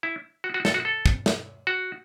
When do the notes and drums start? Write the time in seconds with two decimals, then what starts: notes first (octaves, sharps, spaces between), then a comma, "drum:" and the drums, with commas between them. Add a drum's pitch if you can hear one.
0.03 E4
0.44 F#4
0.54 F#4
0.65 A4, drum: snare
0.74 F#4
0.85 A4
1.06 drum: kick
1.26 drum: snare
1.67 F#4